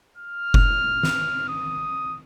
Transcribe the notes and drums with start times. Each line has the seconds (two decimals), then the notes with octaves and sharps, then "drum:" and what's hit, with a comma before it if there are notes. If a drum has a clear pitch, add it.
0.17 F6
0.54 drum: kick F1
1.03 drum: snare
1.48 D#6